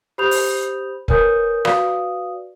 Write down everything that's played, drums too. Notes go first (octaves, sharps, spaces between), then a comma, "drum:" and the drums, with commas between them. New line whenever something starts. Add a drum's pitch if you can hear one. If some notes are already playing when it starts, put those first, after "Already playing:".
G4 C5 B5 D#6 G6 F7
drum: open hi-hat
A#4 B4 C#5 G#5 D#6 G6, drum: kick F1
F#4 B4 D5 F5 D#6, drum: rim click